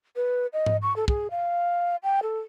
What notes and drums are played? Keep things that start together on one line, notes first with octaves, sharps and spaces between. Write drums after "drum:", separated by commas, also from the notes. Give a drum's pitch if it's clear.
B4
D#5
drum: tom G#2
C#6
A4
G#4, drum: kick
F5
G5
A4